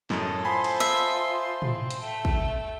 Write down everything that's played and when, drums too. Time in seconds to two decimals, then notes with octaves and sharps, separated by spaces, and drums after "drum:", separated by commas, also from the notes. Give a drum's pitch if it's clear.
0.10 F#2 A2 A4 D#5, drum: snare
0.45 F4 C5 G#5 B5 C6
0.64 drum: cymbal
0.80 E5
1.62 C4, drum: tom
1.91 drum: hi-hat
2.00 A3 G5
2.25 drum: kick